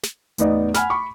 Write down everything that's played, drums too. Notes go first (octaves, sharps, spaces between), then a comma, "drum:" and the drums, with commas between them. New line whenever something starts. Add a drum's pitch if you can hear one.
drum: snare
A1 E2 B3 D#4 D5 D#5, drum: hi-hat
F#5 G#5 B5 F6, drum: snare
B5 C#6 D6